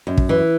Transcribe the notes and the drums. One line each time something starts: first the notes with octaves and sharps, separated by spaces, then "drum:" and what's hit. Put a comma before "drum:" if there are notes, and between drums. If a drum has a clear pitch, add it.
F#2
drum: kick
E3